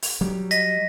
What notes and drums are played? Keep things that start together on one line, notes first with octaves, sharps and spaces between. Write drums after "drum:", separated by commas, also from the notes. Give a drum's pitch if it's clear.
drum: open hi-hat
F#3 G3
D#5 A#6 B6, drum: hi-hat